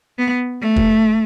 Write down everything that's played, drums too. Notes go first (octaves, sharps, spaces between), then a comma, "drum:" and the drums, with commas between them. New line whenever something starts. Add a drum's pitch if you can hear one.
B3
A3
drum: kick